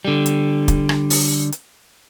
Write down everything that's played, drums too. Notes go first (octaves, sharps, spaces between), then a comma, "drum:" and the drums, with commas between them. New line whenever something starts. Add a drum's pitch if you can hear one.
D3 G3
drum: hi-hat
drum: kick, hi-hat
drum: rim click
drum: open hi-hat
drum: hi-hat